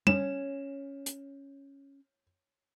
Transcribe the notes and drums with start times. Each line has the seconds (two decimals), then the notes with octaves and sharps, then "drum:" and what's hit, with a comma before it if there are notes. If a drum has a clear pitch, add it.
0.07 C#4 E7, drum: tom G3
1.06 drum: hi-hat